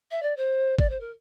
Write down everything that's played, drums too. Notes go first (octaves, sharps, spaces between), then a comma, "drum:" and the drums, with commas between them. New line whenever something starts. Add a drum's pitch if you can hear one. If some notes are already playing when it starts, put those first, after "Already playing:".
E5
D5
C5
D5, drum: kick G#1
C5
A#4